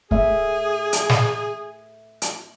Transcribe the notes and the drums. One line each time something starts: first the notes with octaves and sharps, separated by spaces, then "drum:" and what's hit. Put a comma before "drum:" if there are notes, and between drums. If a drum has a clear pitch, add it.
A3 G#4 E5, drum: kick
drum: hi-hat
drum: snare
drum: hi-hat